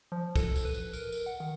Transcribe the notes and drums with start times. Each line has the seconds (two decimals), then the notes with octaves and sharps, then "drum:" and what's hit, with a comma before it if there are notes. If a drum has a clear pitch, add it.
0.12 F3
0.36 A4, drum: kick, tambourine
0.55 drum: tambourine
0.65 B4
0.74 drum: tambourine
0.93 A#4, drum: tambourine
1.12 drum: tambourine
1.26 F#5
1.40 D#3